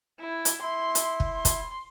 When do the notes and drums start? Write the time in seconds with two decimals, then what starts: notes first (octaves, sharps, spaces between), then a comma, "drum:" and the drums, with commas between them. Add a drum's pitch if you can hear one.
0.20 E4
0.45 drum: hi-hat
0.62 E4 C6
0.95 drum: hi-hat
1.20 drum: kick
1.34 C6
1.45 drum: kick, hi-hat